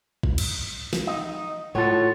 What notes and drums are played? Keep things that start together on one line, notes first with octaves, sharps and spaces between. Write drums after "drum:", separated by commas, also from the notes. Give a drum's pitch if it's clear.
drum: kick
drum: cymbal
drum: snare
D#4
A2 F4 F#4 A4 C#5